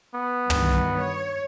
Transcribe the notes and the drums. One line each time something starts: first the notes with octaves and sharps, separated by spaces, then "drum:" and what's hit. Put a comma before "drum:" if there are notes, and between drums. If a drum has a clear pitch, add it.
B3
G2 D#3 E3, drum: tom
C#5